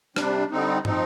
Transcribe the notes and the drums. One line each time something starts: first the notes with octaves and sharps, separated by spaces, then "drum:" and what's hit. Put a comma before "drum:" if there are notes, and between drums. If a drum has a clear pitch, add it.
C3 G3 D4, drum: rim click
D3 G3 C4 D#4
F3 C4 D#4, drum: tom